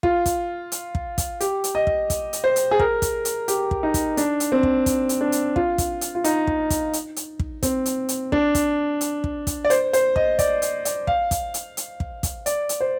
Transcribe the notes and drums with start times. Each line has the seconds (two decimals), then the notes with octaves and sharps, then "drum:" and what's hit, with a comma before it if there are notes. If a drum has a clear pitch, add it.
0.03 F4, drum: kick
0.26 drum: kick, hi-hat
0.72 drum: hi-hat
0.95 drum: kick
1.18 drum: kick, hi-hat
1.40 G4, drum: hi-hat
1.64 drum: hi-hat
1.75 D#5
1.87 drum: kick
2.10 drum: kick, hi-hat
2.33 drum: hi-hat
2.44 C5
2.56 drum: hi-hat
2.71 G#4
2.79 A#4, drum: kick
3.02 drum: kick, hi-hat
3.25 drum: hi-hat
3.48 G4, drum: hi-hat
3.71 drum: kick
3.83 D#4
3.94 drum: kick, hi-hat
4.17 D4, drum: hi-hat
4.40 drum: hi-hat
4.52 C4
4.63 drum: kick
4.86 drum: kick, hi-hat
5.09 drum: hi-hat
5.21 D4
5.32 drum: hi-hat
5.56 F4, drum: kick
5.78 drum: kick, hi-hat
6.01 drum: hi-hat
6.15 F4
6.24 D#4, drum: hi-hat
6.47 drum: kick
6.70 drum: kick, hi-hat
6.93 drum: hi-hat
7.16 drum: hi-hat
7.39 drum: kick
7.63 C4, drum: kick, hi-hat
7.86 drum: hi-hat
8.09 drum: hi-hat
8.32 D4, drum: kick
8.55 drum: kick, hi-hat
9.01 drum: hi-hat
9.24 drum: kick
9.47 drum: kick, hi-hat
9.65 D5
9.70 C5, drum: hi-hat
9.93 C5, drum: hi-hat
10.16 D#5, drum: kick
10.39 D5, drum: kick, hi-hat
10.62 drum: hi-hat
10.85 D5, drum: hi-hat
11.07 F5, drum: kick
11.31 drum: kick, hi-hat
11.54 drum: hi-hat
11.77 drum: hi-hat
12.00 drum: kick
12.23 drum: kick, hi-hat
12.46 D5, drum: hi-hat
12.69 drum: hi-hat
12.81 C5